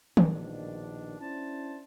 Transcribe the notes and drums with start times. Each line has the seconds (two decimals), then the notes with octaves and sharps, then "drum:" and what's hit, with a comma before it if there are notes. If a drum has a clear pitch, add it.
0.17 A#1 B2 D#3 D4, drum: tom D#3
1.20 C#4 D4 E4 C5 A5